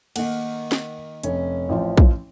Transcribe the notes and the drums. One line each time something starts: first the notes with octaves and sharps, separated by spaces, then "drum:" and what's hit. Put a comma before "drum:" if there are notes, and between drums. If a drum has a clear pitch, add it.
D#3 A#3 F#5, drum: cymbal
drum: snare
F1 C#4, drum: hi-hat
A1 F3
drum: kick A#1